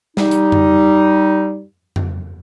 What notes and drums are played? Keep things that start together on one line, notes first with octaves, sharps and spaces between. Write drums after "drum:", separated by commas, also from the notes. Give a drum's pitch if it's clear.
G3 D#4, drum: snare
drum: hi-hat
drum: tom F2
drum: tom F2